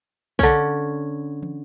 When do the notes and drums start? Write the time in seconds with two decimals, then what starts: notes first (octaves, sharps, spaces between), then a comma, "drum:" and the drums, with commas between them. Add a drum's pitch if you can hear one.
0.39 D3 C#4, drum: kick B1
1.43 drum: tom